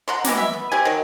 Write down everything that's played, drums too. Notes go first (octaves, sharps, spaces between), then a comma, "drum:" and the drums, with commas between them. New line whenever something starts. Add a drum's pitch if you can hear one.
F#5 A#5 C6
E3 G#3 F#4 G4, drum: snare
E5
B3
C4 G4 G#5
D#3 F#3